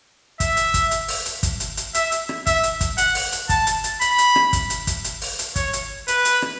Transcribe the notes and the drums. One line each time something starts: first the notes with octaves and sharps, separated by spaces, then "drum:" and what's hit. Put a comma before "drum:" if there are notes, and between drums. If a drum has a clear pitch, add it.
E5, drum: kick, hi-hat
drum: hi-hat
drum: kick, hi-hat
drum: hi-hat
drum: open hi-hat
drum: hi-hat
drum: kick, hi-hat
drum: hi-hat
drum: hi-hat
E5, drum: hi-hat
drum: hi-hat
drum: rim click
E5, drum: kick, hi-hat
drum: hi-hat
drum: kick, hi-hat
F#5, drum: hi-hat
drum: open hi-hat
drum: hi-hat
A5, drum: kick, hi-hat
drum: hi-hat
drum: hi-hat
B5, drum: hi-hat
drum: hi-hat
drum: rim click
drum: kick, hi-hat
drum: hi-hat
drum: kick, hi-hat
drum: hi-hat
drum: open hi-hat
drum: hi-hat
C#5, drum: kick, hi-hat
drum: hi-hat
B4, drum: hi-hat
drum: hi-hat
drum: rim click